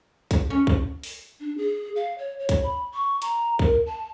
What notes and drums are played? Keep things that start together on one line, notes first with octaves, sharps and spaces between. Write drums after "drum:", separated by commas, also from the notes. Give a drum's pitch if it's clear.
drum: kick, hi-hat
C#4
drum: kick
drum: open hi-hat
D4
G#4
F5
C#5
C#5
drum: kick, hi-hat
B5
C#6
A#5, drum: hi-hat
A#4, drum: kick
A5